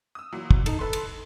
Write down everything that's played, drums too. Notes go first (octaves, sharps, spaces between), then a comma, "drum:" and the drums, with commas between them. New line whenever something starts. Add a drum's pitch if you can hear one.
D#6 E6
A#2 E3 F#3
drum: kick
D#4 A4, drum: cymbal
A4 B4 C6
drum: cymbal